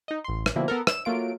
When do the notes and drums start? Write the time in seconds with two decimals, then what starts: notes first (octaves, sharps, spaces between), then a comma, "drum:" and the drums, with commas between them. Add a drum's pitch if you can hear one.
0.08 D#4 D#5
0.24 A1 C6
0.46 drum: rim click
0.56 B2 D3 F3 A#3 C4 E4
0.68 B3 A4 A#4
0.87 E6 E7, drum: rim click
1.05 F#3 A3 A#3 F4 D7